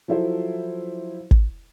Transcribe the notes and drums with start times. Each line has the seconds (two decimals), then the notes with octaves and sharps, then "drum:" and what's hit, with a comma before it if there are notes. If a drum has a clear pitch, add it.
0.08 F3 F#3 E4 A4 C5
1.31 drum: kick